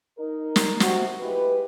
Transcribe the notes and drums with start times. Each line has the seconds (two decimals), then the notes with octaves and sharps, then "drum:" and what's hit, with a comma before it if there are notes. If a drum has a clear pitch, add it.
0.19 D#4 A#4
0.56 drum: snare
0.80 C3 F#4, drum: snare
1.21 G#3 E4 G4 B4